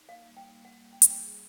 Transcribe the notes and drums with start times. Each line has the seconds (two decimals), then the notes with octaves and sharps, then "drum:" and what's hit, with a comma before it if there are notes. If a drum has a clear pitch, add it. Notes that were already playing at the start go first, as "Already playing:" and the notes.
Already playing: D#4
0.08 A#3 F5
0.27 G3
0.37 G5
0.47 A#3
0.65 G3 F#5
0.84 G3
0.93 G5
1.02 G3, drum: hi-hat
1.10 G5
1.21 G#4